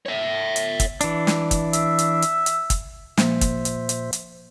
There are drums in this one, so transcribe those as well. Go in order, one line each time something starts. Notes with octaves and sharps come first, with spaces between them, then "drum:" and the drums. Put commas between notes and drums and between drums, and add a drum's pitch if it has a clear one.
C#5 E5
drum: hi-hat
drum: kick, hi-hat
E3 D4, drum: hi-hat
drum: snare
drum: kick, hi-hat
E5, drum: hi-hat
drum: hi-hat
drum: hi-hat
drum: hi-hat
drum: kick, hi-hat
A#2 F3 A#3 C5 E5, drum: snare
drum: kick, hi-hat
drum: hi-hat
drum: hi-hat
drum: hi-hat